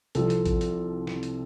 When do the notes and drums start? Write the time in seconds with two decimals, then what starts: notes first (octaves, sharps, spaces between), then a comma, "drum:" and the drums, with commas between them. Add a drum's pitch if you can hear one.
0.15 C2 C3 F3 A4, drum: hi-hat
0.30 drum: hi-hat
0.45 drum: kick A1, hi-hat
0.61 drum: hi-hat
1.07 drum: snare
1.23 drum: hi-hat